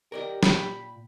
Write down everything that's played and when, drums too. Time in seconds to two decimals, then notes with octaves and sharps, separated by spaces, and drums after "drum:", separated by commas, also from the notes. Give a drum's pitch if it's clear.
0.12 G4 A#4 D5 D#5
0.43 A#2 G5 B5, drum: snare